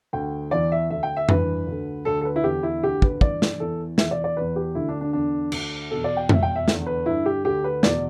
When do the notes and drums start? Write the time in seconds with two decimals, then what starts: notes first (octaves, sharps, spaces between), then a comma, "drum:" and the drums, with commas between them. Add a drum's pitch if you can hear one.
0.13 D2 D3 G5
0.51 E2 E3 D5
0.72 E5
0.90 D2 D3 E5
1.03 G5
1.16 E5
1.29 G2 E3 B4, drum: tom F2
1.67 D2 D3
2.05 D2 D3 A4
2.21 A4
2.25 B4
2.36 E4
2.44 E2 D3 G4
2.63 E4
2.83 D2 D3 G4
3.02 B4, drum: kick
3.21 G2 E3 D5, drum: kick
3.42 drum: snare
3.60 E2 E3 A4
3.98 E2 E3 E5, drum: snare
4.11 D5
4.24 D5
4.36 E2 E3 B4
4.56 G4
4.75 D2 D3 E4
4.88 D4
5.01 D4
5.13 E2 D3 D4
5.52 D2 D3, drum: cymbal
5.91 E2 B2 A4
6.04 D5
6.17 G5
6.29 E2 B2 E5, drum: tom F2
6.42 G5
6.56 E5
6.68 E2 D3, drum: snare
6.86 B4
7.06 G2 D3 E4
7.26 G4
7.45 D2 D3 G4
7.64 B4
7.83 E2 B2 D5, drum: snare